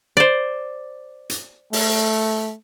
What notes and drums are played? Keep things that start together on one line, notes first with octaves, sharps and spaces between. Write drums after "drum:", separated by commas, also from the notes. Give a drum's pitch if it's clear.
C5 D5
drum: hi-hat
A3, drum: open hi-hat